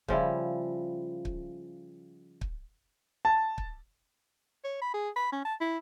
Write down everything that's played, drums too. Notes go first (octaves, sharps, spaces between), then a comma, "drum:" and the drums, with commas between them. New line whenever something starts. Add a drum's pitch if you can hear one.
C#3 F3 G3 E4, drum: kick
drum: kick
drum: kick
A5
drum: kick
C#5
B5
G#4
B5
C#4
A5
E4